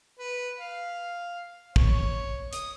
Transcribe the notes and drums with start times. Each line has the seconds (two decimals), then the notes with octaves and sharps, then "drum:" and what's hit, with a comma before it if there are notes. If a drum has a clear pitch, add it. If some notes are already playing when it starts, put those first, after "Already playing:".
0.19 B4
0.59 F5
1.76 C#5, drum: kick
2.53 D#6, drum: hi-hat